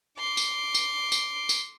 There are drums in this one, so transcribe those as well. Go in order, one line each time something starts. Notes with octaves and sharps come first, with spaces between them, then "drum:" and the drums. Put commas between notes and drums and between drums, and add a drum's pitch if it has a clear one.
C6 D6
drum: tambourine
drum: tambourine
drum: tambourine
drum: tambourine